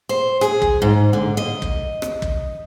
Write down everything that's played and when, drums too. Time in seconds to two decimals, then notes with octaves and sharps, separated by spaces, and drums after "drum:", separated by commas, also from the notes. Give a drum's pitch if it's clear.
0.09 C5
0.41 G#4, drum: rim click
0.62 drum: kick
0.82 G#2
1.13 D3
1.37 D#5
1.62 drum: kick
2.02 drum: rim click
2.22 drum: kick